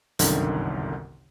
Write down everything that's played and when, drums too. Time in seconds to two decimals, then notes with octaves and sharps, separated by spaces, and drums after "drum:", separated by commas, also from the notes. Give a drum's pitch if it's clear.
0.19 G1 C2 F#2 D3 D#3, drum: hi-hat